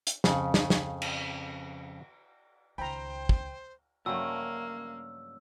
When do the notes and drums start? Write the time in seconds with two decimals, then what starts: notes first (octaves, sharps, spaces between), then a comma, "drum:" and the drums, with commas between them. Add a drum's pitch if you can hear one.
0.07 drum: hi-hat
0.24 F2 C#3, drum: snare
0.54 drum: snare
0.70 drum: snare
1.02 drum: cymbal
2.78 C#2 D#3 C5 G5 A#5 B5
3.29 drum: kick
4.06 G2 C#3 F3 F#3 A3 A#3 C#4 E6